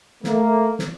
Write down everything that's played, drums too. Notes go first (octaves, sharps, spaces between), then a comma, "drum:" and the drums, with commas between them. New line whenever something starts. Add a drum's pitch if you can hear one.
A3 A#3, drum: snare
drum: snare